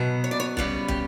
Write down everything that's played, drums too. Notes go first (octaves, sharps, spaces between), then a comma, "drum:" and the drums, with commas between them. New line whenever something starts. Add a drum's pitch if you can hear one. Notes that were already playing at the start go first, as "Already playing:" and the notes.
Already playing: B2 F#3 B3
C#5
D5
C#5
C#3 G3 B3, drum: kick
G4, drum: kick